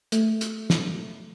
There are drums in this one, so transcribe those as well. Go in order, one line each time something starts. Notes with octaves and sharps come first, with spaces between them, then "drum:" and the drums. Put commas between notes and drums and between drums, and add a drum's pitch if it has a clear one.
A3, drum: hi-hat
drum: hi-hat
drum: snare